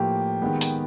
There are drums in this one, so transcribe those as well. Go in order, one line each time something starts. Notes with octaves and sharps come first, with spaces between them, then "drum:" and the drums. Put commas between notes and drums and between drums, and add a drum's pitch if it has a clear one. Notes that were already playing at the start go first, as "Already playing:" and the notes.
Already playing: A2 F3 A#3 G4
D#3 G#3 B3
drum: open hi-hat